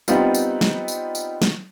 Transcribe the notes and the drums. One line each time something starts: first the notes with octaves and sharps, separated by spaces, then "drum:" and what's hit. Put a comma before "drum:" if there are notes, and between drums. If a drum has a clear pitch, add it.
G3 B3 C4 D#4 F4, drum: tambourine
drum: tambourine
drum: snare
drum: tambourine
drum: tambourine
drum: snare